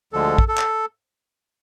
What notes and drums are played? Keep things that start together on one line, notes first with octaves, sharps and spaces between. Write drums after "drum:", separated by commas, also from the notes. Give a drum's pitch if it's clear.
D2 D3 F3 G#3 A4
drum: kick
A4
drum: clap